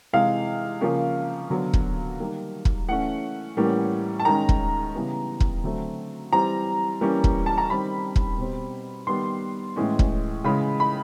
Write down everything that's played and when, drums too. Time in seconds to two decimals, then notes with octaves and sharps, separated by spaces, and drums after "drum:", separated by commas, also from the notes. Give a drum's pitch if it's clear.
0.13 C3 E3 G#3 F5
0.81 C#3 F3 A#3 C#4
1.50 D3 F#3 B3
1.74 drum: kick
2.19 D#3 G3 A#3
2.65 drum: kick
2.88 E3 A3 C#4 F#5
3.57 A2 E3 G3 A#3 C#4
4.20 A5
4.25 D#3 G#3 C#4 A#5
4.49 drum: kick
4.95 C#3 E3 G3 B3
5.40 drum: kick
5.64 D3 F#3 A3 C4
6.33 E3 G3 C4 A#5
7.01 E3 G3 A#3 C#4
7.24 drum: kick
7.46 A5
7.58 A#5
7.70 D#3 G3 C4 B5
8.16 drum: kick
8.38 B2 G3 C4
9.07 D#3 G3 B3 C6
9.76 A2 E3 G#3 C#4
9.99 drum: kick
10.44 C#3 E3 G#3 B5
10.80 B5